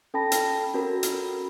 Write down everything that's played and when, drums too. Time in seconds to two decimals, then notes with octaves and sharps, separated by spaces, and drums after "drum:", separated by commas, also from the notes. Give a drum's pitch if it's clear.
0.14 C#4 A4 G5 A5 B5 A#6
0.32 drum: hi-hat
0.74 C#4 F#4 A4 A#4 B5
1.03 drum: hi-hat